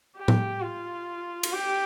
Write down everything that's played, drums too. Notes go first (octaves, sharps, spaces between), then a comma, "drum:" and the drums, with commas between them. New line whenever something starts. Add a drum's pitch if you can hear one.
G4
drum: tom A2
F4
drum: cymbal
G4